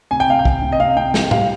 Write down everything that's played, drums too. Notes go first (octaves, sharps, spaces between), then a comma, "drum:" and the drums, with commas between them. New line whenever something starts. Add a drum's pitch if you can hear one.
C3 G#5
G5
C3 F5
G5
C3, drum: kick
C3
D#5
C3 F5
C3 G5
G3 G5, drum: snare
G3 F5, drum: tom A2